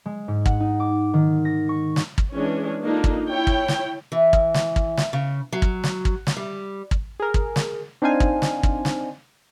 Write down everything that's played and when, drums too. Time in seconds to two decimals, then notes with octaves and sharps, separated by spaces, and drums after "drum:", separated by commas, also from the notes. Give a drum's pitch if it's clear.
0.06 G#3
0.28 G#2
0.46 F#5, drum: kick
0.60 D#4
0.80 D6
1.14 D#3
1.45 A#6
1.69 C#6
1.96 drum: snare
2.18 drum: kick
2.35 E3 G#3 C#4 D4
2.85 A#3 D4 D#4 F4 A4
3.04 drum: kick
3.30 E4 C#5 G5
3.47 drum: kick
3.68 drum: snare
4.12 E3
4.33 drum: kick
4.54 drum: snare
4.76 drum: kick
4.97 drum: snare
5.13 C#3
5.52 F#3
5.62 drum: kick
5.84 drum: snare
6.05 drum: kick
6.27 drum: snare
6.36 G3
6.91 drum: kick
7.20 G#4 A#4
7.34 drum: kick
7.56 drum: snare
8.02 C4 D4 D#4 C5 F5 G#5
8.20 drum: kick
8.42 drum: snare
8.63 drum: kick
8.85 drum: snare